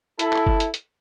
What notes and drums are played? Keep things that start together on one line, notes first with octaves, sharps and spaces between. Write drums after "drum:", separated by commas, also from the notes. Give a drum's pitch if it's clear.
E4 A4, drum: hi-hat
drum: clap
drum: kick F#1
drum: hi-hat
drum: hi-hat